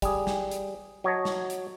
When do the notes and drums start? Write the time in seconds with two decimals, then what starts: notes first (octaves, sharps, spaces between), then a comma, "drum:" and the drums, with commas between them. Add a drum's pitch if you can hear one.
0.02 G3 G#4, drum: kick, hi-hat
0.27 drum: snare
0.51 drum: hi-hat
1.04 F#3 C#5 D#5 A5
1.25 drum: snare
1.50 drum: hi-hat